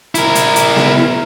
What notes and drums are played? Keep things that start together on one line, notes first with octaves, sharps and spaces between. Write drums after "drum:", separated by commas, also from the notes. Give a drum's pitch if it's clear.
E4 A#4, drum: hi-hat
drum: hi-hat
drum: hi-hat
drum: snare B3